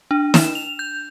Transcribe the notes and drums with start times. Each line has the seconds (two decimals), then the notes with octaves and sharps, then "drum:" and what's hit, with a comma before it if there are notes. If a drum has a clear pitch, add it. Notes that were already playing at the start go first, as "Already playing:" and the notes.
0.11 D4
0.34 E7, drum: snare
0.55 F7
0.79 G6